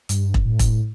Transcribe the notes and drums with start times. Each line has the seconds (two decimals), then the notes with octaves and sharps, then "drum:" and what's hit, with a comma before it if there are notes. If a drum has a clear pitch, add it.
0.09 G2, drum: hi-hat
0.34 drum: kick E1
0.45 A2
0.59 drum: kick E1, hi-hat